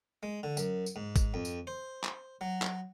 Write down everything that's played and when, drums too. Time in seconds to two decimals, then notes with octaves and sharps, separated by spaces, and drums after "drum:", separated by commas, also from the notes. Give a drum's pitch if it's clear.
0.23 G#3
0.43 D3
0.57 F#2, drum: tambourine
0.86 drum: tambourine
0.96 G#2
1.16 drum: kick, tambourine
1.34 F2
1.45 drum: tambourine
1.67 C5
2.03 drum: clap
2.41 F#3
2.62 drum: clap